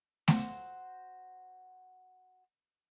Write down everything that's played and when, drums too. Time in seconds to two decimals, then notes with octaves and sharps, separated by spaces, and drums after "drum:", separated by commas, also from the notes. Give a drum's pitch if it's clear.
0.28 F#4 C5, drum: snare A3